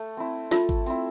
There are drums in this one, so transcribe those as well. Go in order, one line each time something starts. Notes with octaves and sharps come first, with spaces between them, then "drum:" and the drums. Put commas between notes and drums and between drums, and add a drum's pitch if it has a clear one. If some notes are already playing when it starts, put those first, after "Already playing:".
Already playing: A3
C4 E4
A3 F4, drum: snare
drum: kick G#1, tambourine
C4 E4, drum: tambourine